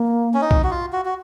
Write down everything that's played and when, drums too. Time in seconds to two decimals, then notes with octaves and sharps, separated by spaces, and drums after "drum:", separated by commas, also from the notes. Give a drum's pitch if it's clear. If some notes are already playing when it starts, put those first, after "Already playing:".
Already playing: A#3
0.34 C#4
0.41 D#4
0.51 drum: kick B1
0.64 F#4
0.71 F4
0.92 F#4
1.05 F#4